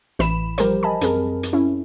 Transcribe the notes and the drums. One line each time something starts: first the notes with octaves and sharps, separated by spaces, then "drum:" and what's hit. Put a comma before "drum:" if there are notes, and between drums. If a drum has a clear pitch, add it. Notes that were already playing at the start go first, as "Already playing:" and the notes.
A1 E3 B5 E7, drum: snare
F3 G3 G4 A#4 C5, drum: hi-hat
D#5 G#5 A5 B5
F#2 C4 G#4 A#4, drum: hi-hat
drum: hi-hat
C#4 E4